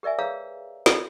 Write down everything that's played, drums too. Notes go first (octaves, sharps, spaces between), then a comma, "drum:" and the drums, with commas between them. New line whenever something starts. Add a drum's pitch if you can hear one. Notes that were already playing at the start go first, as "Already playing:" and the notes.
G4 A#4 D5 E5 G#5
G#4 B4 C#5 F5 A#5 E6
drum: snare